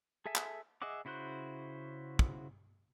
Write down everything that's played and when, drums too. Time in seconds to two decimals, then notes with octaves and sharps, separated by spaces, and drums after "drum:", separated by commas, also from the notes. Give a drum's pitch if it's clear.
0.26 G#4 A4 E5 G#5
0.36 drum: clap
0.82 G#4 D#5 E5 F#5 D6
1.05 C#3 E4 F#4 C5 F#6
2.19 drum: kick